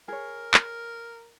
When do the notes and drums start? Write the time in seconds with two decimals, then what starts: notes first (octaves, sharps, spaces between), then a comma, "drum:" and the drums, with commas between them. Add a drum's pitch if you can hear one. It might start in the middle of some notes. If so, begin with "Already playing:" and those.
0.08 G#4 A#4 C#5
0.54 drum: clap